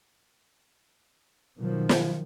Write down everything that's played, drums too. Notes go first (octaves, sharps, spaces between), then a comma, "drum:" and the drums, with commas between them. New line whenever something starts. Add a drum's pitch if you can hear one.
B2 D#3 F3 F#3
drum: snare